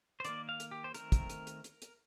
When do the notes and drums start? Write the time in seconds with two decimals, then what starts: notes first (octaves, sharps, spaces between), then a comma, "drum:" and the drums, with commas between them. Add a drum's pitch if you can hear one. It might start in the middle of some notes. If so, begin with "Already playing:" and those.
0.20 C5
0.25 D#3 A#3 D5, drum: hi-hat
0.49 F5
0.60 drum: hi-hat
0.71 G4
0.84 C5
0.95 D#3 A3 C4 A#4, drum: hi-hat
1.12 drum: kick, hi-hat
1.30 drum: hi-hat
1.47 drum: hi-hat
1.64 drum: hi-hat
1.82 drum: hi-hat